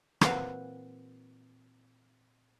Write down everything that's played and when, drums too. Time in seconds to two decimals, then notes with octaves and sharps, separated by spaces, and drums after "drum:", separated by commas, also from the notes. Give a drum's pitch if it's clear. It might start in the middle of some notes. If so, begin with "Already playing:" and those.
0.21 A#2 E3 F#3 C4 F#4 F5, drum: rim click